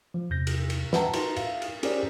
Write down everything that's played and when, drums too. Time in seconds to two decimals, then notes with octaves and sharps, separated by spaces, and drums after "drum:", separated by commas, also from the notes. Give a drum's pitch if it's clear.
0.14 F3
0.30 E2 C3 G6 A#6
0.47 drum: cymbal
0.70 drum: cymbal
0.93 B4 E5 F#5 G5 A5 A#5, drum: snare
1.13 D#4 F#4 A#4 B4 A#5 C6, drum: cymbal
1.36 E5 F5, drum: cymbal
1.62 drum: cymbal
1.83 C#4 G4 G#4 A#4 C5 D5, drum: cymbal